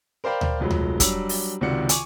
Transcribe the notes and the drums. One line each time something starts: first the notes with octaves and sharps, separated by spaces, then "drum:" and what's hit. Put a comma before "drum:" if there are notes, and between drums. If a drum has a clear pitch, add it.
A#4 C5 D5 F5 G5 B5
drum: tom D2
F1 F2 F#3 G#3 B5
drum: tom D2
F#3 G3 D4 E6, drum: kick, hi-hat
drum: open hi-hat
C#2 C3 D#3 F#4 D5 C#7
G#5 C#6 D6, drum: hi-hat